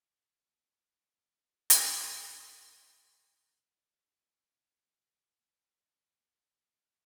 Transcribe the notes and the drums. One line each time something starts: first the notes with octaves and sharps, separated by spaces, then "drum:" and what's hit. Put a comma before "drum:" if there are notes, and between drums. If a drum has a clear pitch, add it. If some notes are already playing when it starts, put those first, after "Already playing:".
G#1 A#2 A#3 B3 D#4
drum: hi-hat
D3
A#3
B1
E3
D3
F3
D#2
A#3
B4
G3
B3
E5